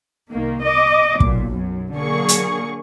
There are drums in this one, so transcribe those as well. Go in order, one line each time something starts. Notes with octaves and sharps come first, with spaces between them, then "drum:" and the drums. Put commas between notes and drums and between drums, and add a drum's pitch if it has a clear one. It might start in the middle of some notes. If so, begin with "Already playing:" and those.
C2 D#3 A#3
D#5 D6
B1 A#2, drum: kick
F#2
D3 F#3 A#3 G#4 C#6
drum: hi-hat